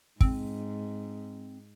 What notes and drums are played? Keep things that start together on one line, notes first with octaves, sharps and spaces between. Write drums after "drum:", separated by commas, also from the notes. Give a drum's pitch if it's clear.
G#2 C4, drum: kick